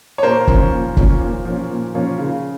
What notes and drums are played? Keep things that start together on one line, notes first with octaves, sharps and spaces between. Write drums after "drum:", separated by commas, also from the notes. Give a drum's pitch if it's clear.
C#5
A#2 A#4 C5
F3 A#3 C#4, drum: kick
A#2
F3 A#3 C#4, drum: kick
A#2
F3 A#3 C#4
A#2
F3 A#3 C#4
C#3